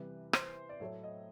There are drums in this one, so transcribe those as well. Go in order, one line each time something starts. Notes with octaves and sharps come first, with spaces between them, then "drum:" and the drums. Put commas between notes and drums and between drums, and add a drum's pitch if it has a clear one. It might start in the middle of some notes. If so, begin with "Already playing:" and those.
Already playing: C3 E3 G3 B4
C5, drum: rim click
D5
A2 F#3 A3 C#5
D#5